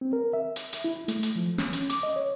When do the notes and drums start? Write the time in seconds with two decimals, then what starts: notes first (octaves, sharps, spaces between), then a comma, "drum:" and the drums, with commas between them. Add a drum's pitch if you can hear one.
0.01 C4
0.13 A#4
0.33 E5
0.56 drum: hi-hat
0.73 drum: hi-hat
0.84 E4
1.08 A3, drum: hi-hat
1.23 drum: hi-hat
1.36 F3
1.58 C#4, drum: snare
1.73 drum: hi-hat
1.90 D6, drum: hi-hat
2.03 D#5
2.16 C#5